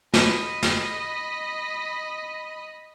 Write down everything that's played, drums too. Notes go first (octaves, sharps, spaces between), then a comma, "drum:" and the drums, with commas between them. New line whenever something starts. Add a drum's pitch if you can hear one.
D#5 B5, drum: snare
drum: snare